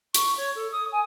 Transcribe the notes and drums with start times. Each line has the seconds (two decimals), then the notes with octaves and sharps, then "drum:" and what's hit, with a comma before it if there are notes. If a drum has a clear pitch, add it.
0.14 C#6, drum: hi-hat
0.37 C#5
0.55 A4
0.72 D#6
0.92 G#5